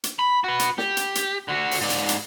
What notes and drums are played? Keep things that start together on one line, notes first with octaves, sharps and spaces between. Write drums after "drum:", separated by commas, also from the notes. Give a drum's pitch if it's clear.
drum: hi-hat
B5
F#4 B4
drum: hi-hat
G4, drum: snare
drum: hi-hat
drum: hi-hat
D3 F#4
drum: open hi-hat
G#2 D5
drum: hi-hat
drum: hi-hat